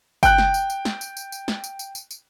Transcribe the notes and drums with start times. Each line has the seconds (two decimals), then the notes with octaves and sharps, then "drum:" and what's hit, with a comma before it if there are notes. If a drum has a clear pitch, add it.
0.23 G5 F#6, drum: kick G1, tambourine
0.38 drum: snare
0.54 drum: tambourine
0.70 drum: tambourine
0.85 drum: snare
1.01 drum: tambourine
1.17 drum: tambourine
1.32 drum: tambourine
1.48 drum: snare
1.64 drum: tambourine
1.79 drum: tambourine
1.95 drum: tambourine
2.11 drum: tambourine